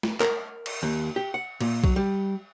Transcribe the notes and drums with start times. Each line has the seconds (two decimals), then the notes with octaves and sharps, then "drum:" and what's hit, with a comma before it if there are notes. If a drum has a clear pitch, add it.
0.03 drum: snare
0.20 A#4, drum: clap
0.66 drum: cymbal
0.83 D#2
1.16 G4
1.34 F#5
1.61 A#2, drum: cymbal
1.84 F#3, drum: kick
1.96 G3